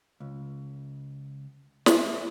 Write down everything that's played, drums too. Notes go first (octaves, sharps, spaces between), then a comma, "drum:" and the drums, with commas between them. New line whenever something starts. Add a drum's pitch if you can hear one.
C#2
E5, drum: snare